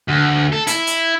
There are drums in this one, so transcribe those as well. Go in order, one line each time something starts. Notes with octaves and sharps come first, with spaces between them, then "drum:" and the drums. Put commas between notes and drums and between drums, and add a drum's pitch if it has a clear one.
D2
A4
E4, drum: hi-hat
drum: hi-hat